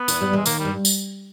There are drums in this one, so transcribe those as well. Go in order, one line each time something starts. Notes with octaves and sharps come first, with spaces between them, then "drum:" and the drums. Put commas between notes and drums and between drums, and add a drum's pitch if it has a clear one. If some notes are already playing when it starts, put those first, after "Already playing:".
Already playing: B3
E2 E3, drum: tambourine
G2 G3
E2 E3 G#3
D#2 D#3 A#3, drum: tambourine
G3
G2
drum: tambourine